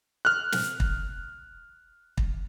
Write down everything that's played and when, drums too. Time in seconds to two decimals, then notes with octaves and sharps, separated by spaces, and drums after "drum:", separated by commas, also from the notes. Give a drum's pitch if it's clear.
0.25 F6 F#6
0.52 drum: snare
0.80 drum: kick
2.18 drum: kick